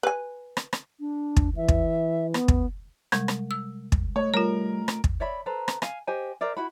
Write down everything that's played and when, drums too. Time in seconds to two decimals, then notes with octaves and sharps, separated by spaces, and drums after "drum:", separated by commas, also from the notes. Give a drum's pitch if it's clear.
0.03 B4 G#5
0.57 drum: rim click
0.73 drum: rim click
1.00 D4
1.37 drum: kick
1.56 E3 E5
1.68 drum: kick
2.34 B3, drum: rim click
2.48 drum: kick
3.12 C3 G3 G#3, drum: rim click
3.28 drum: rim click
3.51 E6
3.92 drum: kick
4.16 A3 C#5
4.34 G3 F4 A#4 C#5
4.88 drum: rim click
5.04 drum: kick
5.20 C#5 D5 E5 B5
5.46 A4 B4 C5 A#5
5.68 drum: rim click
5.82 F5 G#5, drum: rim click
6.07 G4 C5 D#5 G#5
6.41 A#4 C5 D5 E5
6.57 E4 F#4 B5